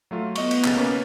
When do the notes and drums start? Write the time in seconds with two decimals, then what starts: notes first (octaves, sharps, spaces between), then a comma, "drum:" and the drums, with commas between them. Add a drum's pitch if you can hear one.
0.11 F#3 A3 F4
0.36 B3 D#5 C#6, drum: cymbal
0.51 drum: cymbal
0.64 B1 C#3 A6, drum: clap
0.76 A#3 C#4 B4